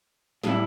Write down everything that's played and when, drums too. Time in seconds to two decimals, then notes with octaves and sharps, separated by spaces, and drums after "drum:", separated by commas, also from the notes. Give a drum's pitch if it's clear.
0.44 A2 G3 E4, drum: snare